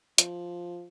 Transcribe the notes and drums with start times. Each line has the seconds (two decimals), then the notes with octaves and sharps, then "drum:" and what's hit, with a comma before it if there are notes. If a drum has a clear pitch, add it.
0.18 F3, drum: hi-hat